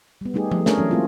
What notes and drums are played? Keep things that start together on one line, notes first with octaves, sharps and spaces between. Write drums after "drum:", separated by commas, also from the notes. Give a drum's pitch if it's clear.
G3 B3
G3 A3 D#4 G4 G#4
A3, drum: tom F3
A3 C#4 D4 G#4 A#4 C#5, drum: snare
E3 F#3 C#4
G#3 A#3 C4 E4 F4